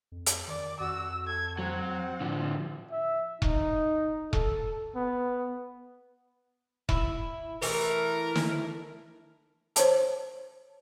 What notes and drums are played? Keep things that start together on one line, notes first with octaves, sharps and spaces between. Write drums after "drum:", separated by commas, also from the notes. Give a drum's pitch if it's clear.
F2
drum: hi-hat
D#3 D5
F2 F#4 E6
A4 G#6
F#3 C4 F#5
A2 D3 F3
E5
D#4, drum: kick E1
A4, drum: kick E1
B3
E4, drum: kick E1
E3 A3 A#4, drum: open hi-hat
drum: snare
C5 C#5 A5, drum: hi-hat